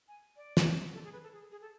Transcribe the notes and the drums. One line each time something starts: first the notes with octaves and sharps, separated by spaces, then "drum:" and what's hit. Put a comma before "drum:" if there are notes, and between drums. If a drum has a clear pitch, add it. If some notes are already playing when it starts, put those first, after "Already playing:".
G#5
D5
drum: snare
A4
G#4
B4
A4
G#4
G#4
A4